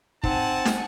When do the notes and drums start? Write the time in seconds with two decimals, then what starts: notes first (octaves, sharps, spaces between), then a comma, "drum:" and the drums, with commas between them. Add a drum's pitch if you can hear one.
0.24 C4 D#4 F#5 G#5 A5, drum: kick
0.65 drum: snare